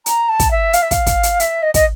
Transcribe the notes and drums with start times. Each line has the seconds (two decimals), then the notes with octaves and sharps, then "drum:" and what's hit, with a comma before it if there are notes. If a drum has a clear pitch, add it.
0.06 A#5, drum: hi-hat
0.29 A5
0.40 drum: kick, hi-hat
0.51 E5
0.73 F5, drum: hi-hat
0.82 E5
0.91 F5, drum: kick, hi-hat
1.06 drum: kick, hi-hat
1.23 drum: hi-hat
1.40 E5, drum: hi-hat
1.62 D#5
1.74 D#5, drum: kick, hi-hat